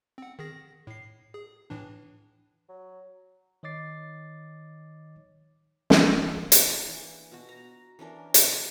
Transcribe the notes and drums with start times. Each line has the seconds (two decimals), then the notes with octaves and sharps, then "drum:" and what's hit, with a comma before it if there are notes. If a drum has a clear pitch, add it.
0.18 C4 F#5
0.39 D#3 G#4 A#6
0.87 A2 C7
1.34 G#4
1.70 A2 E3 D4
2.69 F#3
3.63 D#3 C#5 D#5 D6 A6 C7
5.90 drum: snare
6.20 C#5
6.52 A#3 D4 F#4 G#4, drum: hi-hat
6.87 E3
7.32 B2 F#4
7.49 A#5
7.99 E3 C#4 D4 A#4
8.34 drum: hi-hat